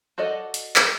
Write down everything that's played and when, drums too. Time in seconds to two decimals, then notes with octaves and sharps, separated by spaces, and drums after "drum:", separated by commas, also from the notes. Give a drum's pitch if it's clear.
0.18 F#4 A4 D5 D#5 F#5
0.54 drum: hi-hat
0.76 drum: clap